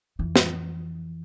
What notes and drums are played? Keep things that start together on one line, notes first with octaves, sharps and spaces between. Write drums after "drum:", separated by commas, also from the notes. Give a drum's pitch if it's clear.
F2 E3
drum: snare